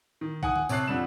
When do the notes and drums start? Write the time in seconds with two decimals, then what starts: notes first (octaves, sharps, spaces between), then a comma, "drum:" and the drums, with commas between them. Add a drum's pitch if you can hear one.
0.21 D#3
0.43 F#5 G#5 D#6, drum: kick
0.56 drum: tom D3
0.69 C3 C#5 A5 F#6 C7, drum: tambourine
0.87 F2 D3 G3 E7